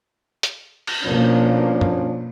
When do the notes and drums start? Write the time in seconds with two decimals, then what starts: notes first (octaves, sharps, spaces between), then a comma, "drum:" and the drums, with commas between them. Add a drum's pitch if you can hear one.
0.43 drum: hi-hat
0.87 drum: cymbal
1.03 B2 F3 A#3 C#4 D4
1.81 drum: tom G2